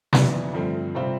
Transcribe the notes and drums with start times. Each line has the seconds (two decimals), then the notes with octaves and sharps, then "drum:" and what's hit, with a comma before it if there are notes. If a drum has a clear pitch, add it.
0.13 F1 F2 E3 B3 D4, drum: snare
0.53 G2 D3 F3 A3 C4
0.95 C3 G3 C4 F4 C5